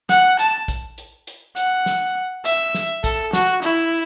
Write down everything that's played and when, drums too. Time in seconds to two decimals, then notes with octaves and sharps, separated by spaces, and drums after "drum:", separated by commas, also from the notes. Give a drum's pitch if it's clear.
0.09 F#5, drum: snare
0.39 A5, drum: hi-hat
0.68 drum: kick, hi-hat
0.98 drum: hi-hat
1.27 drum: hi-hat
1.56 F#5, drum: hi-hat
1.86 drum: snare
2.45 E5, drum: hi-hat
2.75 drum: snare
3.04 A4, drum: kick, hi-hat
3.33 F#4, drum: snare
3.63 E4, drum: hi-hat